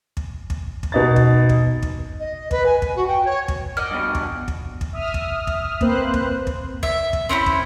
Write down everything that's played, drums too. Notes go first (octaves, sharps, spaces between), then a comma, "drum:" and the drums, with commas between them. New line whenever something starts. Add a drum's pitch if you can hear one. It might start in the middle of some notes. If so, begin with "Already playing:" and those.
drum: kick
drum: kick
drum: kick
B2 D#4 A6
drum: kick
drum: kick
drum: kick
D#5
B4, drum: kick
G#5
drum: kick
F#4
G5
C#5
drum: kick
D5 D#5 F#5 F6
G2 B2
drum: kick
drum: kick
drum: kick
E5 D#6 F6
drum: kick
drum: kick
A#3 C4 B4 C5 F#6, drum: kick
drum: kick
drum: kick
E5, drum: kick
drum: kick
C4 C#4 D#4 E4
drum: kick